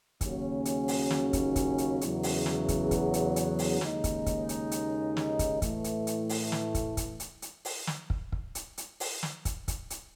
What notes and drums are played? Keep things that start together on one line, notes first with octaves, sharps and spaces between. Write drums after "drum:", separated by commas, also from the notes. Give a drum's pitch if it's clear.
D#2 C#3 F#3 C#4, drum: kick, hi-hat
drum: hi-hat
drum: open hi-hat
drum: snare
drum: kick, hi-hat
drum: kick, hi-hat
drum: hi-hat
E2 C#3 F#3, drum: hi-hat
drum: open hi-hat
drum: snare
drum: kick, hi-hat
drum: kick, hi-hat
drum: hi-hat
drum: hi-hat
drum: open hi-hat
D#2 C#3 G#3 D#4, drum: snare
drum: kick, hi-hat
drum: kick, hi-hat
drum: hi-hat
drum: hi-hat
drum: snare
drum: kick, hi-hat
A2 E3 A3, drum: kick, hi-hat
drum: hi-hat
drum: hi-hat
drum: open hi-hat
drum: snare
drum: kick, hi-hat
drum: kick, hi-hat
drum: hi-hat
drum: hi-hat
drum: open hi-hat
drum: snare
drum: kick
drum: kick
drum: hi-hat
drum: hi-hat
drum: open hi-hat
drum: snare
drum: kick, hi-hat
drum: kick, hi-hat
drum: hi-hat